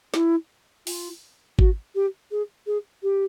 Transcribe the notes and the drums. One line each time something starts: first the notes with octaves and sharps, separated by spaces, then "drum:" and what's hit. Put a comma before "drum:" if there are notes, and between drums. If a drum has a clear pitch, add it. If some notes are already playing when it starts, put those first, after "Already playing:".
E4, drum: snare
F4, drum: open hi-hat
F#4, drum: kick G#1
G4
G#4
G#4
G4